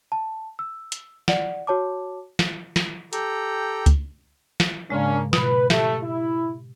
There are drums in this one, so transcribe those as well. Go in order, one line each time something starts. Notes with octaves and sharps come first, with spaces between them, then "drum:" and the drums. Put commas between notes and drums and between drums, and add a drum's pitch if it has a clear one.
A5
E6
drum: hi-hat
D5 F#5, drum: snare
F#4 C#5 A5 D6
drum: snare
drum: snare
G4 A4 G5 A#5, drum: hi-hat
drum: kick C#2, hi-hat
drum: snare
G#2 C#3 G#3 A#3 C#4 D4
B2 B4 B5, drum: snare
A3 G4, drum: snare
E4